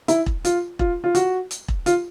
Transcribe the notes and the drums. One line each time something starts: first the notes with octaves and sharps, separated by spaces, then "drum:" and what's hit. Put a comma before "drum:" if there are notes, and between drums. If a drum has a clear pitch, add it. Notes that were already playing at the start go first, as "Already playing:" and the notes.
E4, drum: hi-hat
drum: kick E1
F4, drum: hi-hat
F4, drum: kick E1
F4
F#4, drum: hi-hat
drum: hi-hat
drum: kick E1
F4, drum: hi-hat